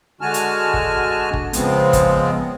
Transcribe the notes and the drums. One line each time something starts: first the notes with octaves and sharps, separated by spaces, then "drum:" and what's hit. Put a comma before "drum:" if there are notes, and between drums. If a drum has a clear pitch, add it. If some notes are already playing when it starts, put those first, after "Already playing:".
D3 G#3 F#4 G#5 A5 F6
drum: hi-hat
drum: kick
drum: kick
C#3 F3 G#3 B3 C4, drum: hi-hat
drum: kick, hi-hat